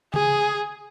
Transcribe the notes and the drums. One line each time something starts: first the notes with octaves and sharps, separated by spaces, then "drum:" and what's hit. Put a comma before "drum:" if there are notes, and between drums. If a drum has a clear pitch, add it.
G#4, drum: tom C#3